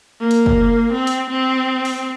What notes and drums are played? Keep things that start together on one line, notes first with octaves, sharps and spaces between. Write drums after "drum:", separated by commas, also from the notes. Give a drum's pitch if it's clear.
A#3
drum: hi-hat
drum: kick
C4
drum: hi-hat
C4
drum: open hi-hat